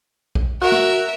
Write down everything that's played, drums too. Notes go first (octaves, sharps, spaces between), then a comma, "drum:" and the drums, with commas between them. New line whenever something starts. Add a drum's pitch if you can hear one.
drum: kick A#1
F#4 A#4 E5
drum: snare